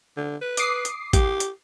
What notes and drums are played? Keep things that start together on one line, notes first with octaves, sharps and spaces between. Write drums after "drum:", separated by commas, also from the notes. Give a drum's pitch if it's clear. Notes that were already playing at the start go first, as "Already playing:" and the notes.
D3
B4
D6 D#6 C7, drum: hi-hat
drum: hi-hat
G4, drum: kick, hi-hat
drum: hi-hat